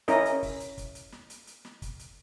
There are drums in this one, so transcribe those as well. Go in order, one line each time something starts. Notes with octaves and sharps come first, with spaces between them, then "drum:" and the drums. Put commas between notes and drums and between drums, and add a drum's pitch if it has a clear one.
C#4 E4 A#4 D#5, drum: hi-hat
drum: hi-hat
drum: kick, open hi-hat
drum: hi-hat
drum: kick, hi-hat
drum: hi-hat
drum: snare
drum: hi-hat
drum: hi-hat
drum: snare
drum: kick, hi-hat
drum: hi-hat